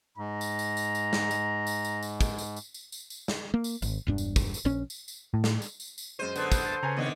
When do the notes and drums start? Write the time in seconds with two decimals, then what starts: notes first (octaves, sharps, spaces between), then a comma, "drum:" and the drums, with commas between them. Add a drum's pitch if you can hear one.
0.18 G#2 A#5
0.41 drum: tambourine
0.59 drum: tambourine
0.77 drum: tambourine
0.95 drum: tambourine
1.13 drum: snare
1.31 drum: tambourine
1.67 drum: tambourine
1.85 drum: tambourine
2.03 drum: tambourine
2.21 drum: kick, tambourine
2.38 drum: tambourine
2.56 drum: tambourine
2.74 drum: tambourine
2.92 drum: tambourine
3.10 drum: tambourine
3.28 drum: snare
3.54 A#3
3.64 drum: tambourine
3.82 G#1, drum: tambourine
4.07 E1 G2 D4
4.18 drum: tambourine
4.36 drum: kick, tambourine
4.54 drum: tambourine
4.65 A#1 C#4
4.90 drum: tambourine
5.08 drum: tambourine
5.34 A2
5.44 drum: snare
5.62 drum: tambourine
5.80 drum: tambourine
5.98 drum: tambourine
6.19 F#2 G#3 C5 D#7
6.36 D3 B3 A4 C5, drum: tambourine
6.52 drum: kick, tambourine
6.66 A5
6.83 C#3 B4 G#5 A#5
6.97 D3 D#3 B3 C4 D#5